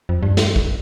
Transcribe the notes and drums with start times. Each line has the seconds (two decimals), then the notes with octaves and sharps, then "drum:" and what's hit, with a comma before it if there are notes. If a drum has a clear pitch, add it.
0.09 F2
0.23 G2
0.37 drum: snare
0.56 drum: kick